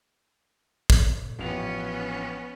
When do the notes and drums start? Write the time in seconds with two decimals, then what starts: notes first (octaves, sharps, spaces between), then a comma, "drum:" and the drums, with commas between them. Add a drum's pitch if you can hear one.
0.90 drum: kick
1.39 A1 F3 B3 C#4 F7